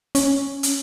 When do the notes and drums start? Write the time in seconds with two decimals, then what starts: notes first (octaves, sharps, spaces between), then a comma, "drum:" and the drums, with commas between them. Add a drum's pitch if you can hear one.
0.15 C#4, drum: hi-hat
0.63 drum: hi-hat